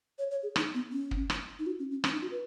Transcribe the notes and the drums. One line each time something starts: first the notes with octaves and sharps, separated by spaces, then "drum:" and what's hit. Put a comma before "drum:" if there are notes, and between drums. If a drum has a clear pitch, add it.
C#5
C#5
G#4
D#4, drum: rim click
B3
C#4
drum: kick
drum: rim click
D#4
F#4
C#4
C#4
C#4, drum: rim click
D#4
F#4
B4